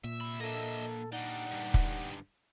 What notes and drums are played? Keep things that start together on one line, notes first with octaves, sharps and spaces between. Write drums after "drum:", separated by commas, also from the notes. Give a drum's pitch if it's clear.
A#2 E5
C3 B5
A#3 D4 A4 D#5 E5
G3 D4 D#4 D5 F#5
G2 D3
drum: kick